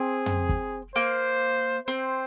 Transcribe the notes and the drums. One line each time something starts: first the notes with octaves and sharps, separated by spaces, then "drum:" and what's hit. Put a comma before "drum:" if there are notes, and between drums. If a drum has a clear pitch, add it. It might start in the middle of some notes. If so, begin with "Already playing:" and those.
Already playing: C4 G#4
drum: tom
drum: kick F#1
A#3 C5
C4 C5